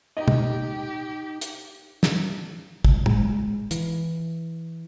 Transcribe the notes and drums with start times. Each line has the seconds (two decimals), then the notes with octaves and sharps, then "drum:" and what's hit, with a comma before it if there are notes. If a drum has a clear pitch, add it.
0.17 D#4 G4 D#5
0.28 drum: tom
1.41 drum: hi-hat
2.03 drum: snare
2.85 C#2, drum: kick
3.06 G#3, drum: tom
3.71 E3, drum: hi-hat